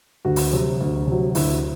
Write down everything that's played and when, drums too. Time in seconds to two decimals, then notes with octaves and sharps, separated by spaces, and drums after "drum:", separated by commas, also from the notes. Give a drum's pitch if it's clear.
0.25 D2 F#4
0.36 drum: open hi-hat
0.53 C3 F#3
0.81 D2
1.07 C3 F#3
1.35 D2 E4, drum: open hi-hat